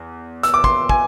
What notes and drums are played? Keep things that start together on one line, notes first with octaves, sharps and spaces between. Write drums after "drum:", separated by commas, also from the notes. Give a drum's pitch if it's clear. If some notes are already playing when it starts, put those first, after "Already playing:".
Already playing: E2
E6, drum: hi-hat
D6
C6, drum: kick
G#5, drum: kick